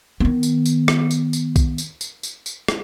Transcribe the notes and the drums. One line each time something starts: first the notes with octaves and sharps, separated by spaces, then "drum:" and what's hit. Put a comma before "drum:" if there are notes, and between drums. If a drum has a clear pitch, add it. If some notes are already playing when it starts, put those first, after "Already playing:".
D#3 B3
drum: tambourine
drum: tambourine
drum: rim click
drum: tambourine
drum: tambourine
drum: kick B1, tambourine
drum: tambourine
drum: tambourine
drum: tambourine
drum: tambourine
drum: rim click